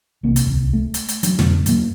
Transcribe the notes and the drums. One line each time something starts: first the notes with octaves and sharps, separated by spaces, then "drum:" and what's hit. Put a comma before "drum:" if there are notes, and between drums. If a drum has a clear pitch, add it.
B1 C3 A#3
drum: hi-hat
D1 C2
A3
drum: hi-hat
drum: hi-hat
F#3 D4, drum: hi-hat
F2 B2 D3 A3, drum: snare
F#2 F#3 A#3, drum: hi-hat